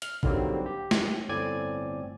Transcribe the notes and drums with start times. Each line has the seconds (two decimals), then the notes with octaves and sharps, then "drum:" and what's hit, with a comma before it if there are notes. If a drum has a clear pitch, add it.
0.02 F6, drum: hi-hat
0.23 D3 D#3 F#3 G3 A#3 C4, drum: kick G#1
0.66 G4
0.91 drum: snare
1.29 G1 A2 C4 D5 G#5 G#6